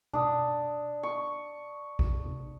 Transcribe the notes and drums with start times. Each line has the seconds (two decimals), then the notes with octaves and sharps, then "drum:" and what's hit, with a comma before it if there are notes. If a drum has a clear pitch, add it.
0.13 D4 D#6, drum: tom B2
1.03 C#6
1.99 drum: kick
2.24 drum: tom C3